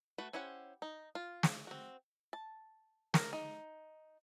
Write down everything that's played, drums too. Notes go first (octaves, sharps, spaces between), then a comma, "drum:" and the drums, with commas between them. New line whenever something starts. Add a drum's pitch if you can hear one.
A3 F#4 B4
C#4 E4 G4 C5 F#5
D#4
F4
drum: snare
C4 F#4
A5
A#4, drum: snare
D#4